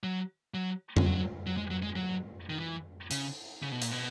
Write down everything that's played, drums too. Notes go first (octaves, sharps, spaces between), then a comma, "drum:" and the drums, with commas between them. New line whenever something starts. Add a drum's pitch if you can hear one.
F#3
F#3
G#3, drum: tom F2
F#3
F#3
G#3
F#3
G#3
F#3
D#3
E3
C#3, drum: hi-hat
C#3
B2
A#2, drum: hi-hat
B2